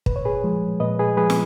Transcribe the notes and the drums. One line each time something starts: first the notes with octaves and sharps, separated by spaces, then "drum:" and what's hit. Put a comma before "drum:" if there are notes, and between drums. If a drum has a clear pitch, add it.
A#2 B4, drum: kick
C#5
G#4 B4
F3 G#3
A#2 B4 D#5
G#4 B4
F3 G#3 G#4 B4
drum: snare